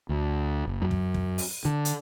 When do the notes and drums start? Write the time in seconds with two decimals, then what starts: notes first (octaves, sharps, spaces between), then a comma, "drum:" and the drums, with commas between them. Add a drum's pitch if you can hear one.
0.09 D2
0.67 F#1
0.82 F#2
0.91 drum: kick
1.14 drum: kick
1.38 drum: open hi-hat
1.65 D3
1.85 drum: hi-hat